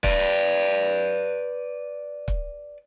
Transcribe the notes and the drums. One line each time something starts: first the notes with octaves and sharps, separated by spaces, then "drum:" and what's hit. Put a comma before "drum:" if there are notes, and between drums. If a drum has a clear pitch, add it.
B4 D5, drum: kick
drum: kick